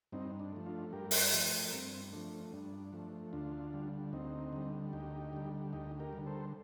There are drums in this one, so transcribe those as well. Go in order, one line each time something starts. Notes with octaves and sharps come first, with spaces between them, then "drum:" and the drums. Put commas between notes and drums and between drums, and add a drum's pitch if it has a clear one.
G2 C4 D#4
D4
F3 A3
D4 F4
G2 G4 A#4
drum: open hi-hat
F3 A3 G4 A#4
G2 C4
F3 A3 D4
G2 D4
F3 A3
D2 D4 F4
D3 G3
D2 C4 D#4
D3 G3
D2 D#4 G4
D3 G3
D2 D#4 G4
G4 A#4
G3
D3
A4 C5